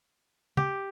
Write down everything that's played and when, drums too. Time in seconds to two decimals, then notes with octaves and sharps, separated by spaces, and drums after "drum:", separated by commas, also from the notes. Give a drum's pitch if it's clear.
0.57 G4, drum: tom